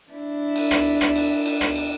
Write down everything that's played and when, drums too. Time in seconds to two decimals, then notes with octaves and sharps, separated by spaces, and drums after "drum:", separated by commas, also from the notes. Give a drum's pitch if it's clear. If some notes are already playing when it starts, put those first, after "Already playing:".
0.11 D4 E4
0.56 drum: cymbal
0.71 drum: rim click
1.01 drum: rim click
1.16 drum: cymbal
1.46 drum: cymbal
1.61 drum: rim click
1.76 drum: cymbal